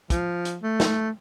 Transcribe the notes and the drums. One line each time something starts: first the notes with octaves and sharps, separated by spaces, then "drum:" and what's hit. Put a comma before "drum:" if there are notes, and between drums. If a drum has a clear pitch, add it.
F3, drum: kick, hi-hat
drum: hi-hat
A3
drum: snare